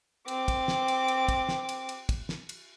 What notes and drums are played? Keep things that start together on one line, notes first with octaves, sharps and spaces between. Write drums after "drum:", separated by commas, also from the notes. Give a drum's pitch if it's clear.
C4 D6, drum: cymbal
drum: kick, cymbal
drum: snare
drum: cymbal
drum: cymbal
drum: kick, cymbal
drum: snare
drum: cymbal
drum: cymbal
drum: kick, cymbal
drum: snare
drum: cymbal